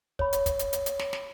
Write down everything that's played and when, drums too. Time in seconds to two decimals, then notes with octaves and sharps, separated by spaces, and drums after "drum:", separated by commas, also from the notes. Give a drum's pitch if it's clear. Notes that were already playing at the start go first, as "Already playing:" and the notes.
0.19 C#5 B5, drum: kick
0.33 drum: hi-hat
0.46 drum: kick, hi-hat
0.59 drum: hi-hat
0.73 drum: hi-hat
0.86 drum: hi-hat
0.99 drum: snare
1.13 drum: snare